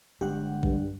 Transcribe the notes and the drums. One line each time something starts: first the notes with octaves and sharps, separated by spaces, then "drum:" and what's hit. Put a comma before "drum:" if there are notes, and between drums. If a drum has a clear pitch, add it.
G1 G#3 D4 G4 F#5
G2, drum: kick